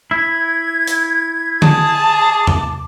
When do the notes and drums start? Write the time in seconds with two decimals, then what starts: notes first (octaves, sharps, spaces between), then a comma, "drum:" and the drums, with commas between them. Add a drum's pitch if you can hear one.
0.11 E4 G#6
0.88 drum: hi-hat
1.62 G#4 A5, drum: tom D3
2.01 D6
2.47 drum: tom E2